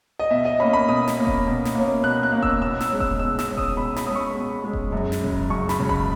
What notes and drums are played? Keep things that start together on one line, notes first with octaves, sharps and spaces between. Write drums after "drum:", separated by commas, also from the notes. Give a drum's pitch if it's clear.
D#5
B2 E5
D#5
A#3 C#4 B5
B5
B2 D#6
drum: snare
A#3 C#4
drum: kick E1
B2
drum: snare
A#3 C#4
B2 F#6
F#6
A#3 C#4
E6, drum: kick E1
B2 E6
E6, drum: snare
G#3 C#4
E6, drum: kick E1
B2 E6
E6, drum: snare
G#3 C#4
D#6, drum: kick E1
B2 B5
B5, drum: snare
G#3 C#4 D#6
C#6
B2
G#3 C#4
drum: kick E1
F#2
drum: snare
C#3 G#3
drum: kick E1
F#2 C#6
B5, drum: snare
C#3 G#3
B5, drum: kick E1